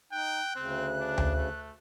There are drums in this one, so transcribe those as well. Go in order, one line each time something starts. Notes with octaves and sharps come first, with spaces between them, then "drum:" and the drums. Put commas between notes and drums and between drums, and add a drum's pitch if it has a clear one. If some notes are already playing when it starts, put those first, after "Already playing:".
D#4 G5 F#6
D2 C#3 C4
D4
drum: tom D2
A3